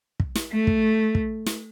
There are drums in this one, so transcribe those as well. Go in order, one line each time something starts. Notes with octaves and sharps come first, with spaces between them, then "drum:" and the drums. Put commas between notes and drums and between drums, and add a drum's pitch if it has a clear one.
drum: kick
drum: snare
A3
drum: kick
drum: kick
drum: snare